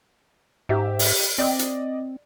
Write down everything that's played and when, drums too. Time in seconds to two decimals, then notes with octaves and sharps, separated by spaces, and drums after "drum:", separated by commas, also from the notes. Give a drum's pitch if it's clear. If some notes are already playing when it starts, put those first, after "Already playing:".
0.69 G#2 G4 E5
0.99 drum: open hi-hat
1.38 C4 D5 D#5
1.59 drum: hi-hat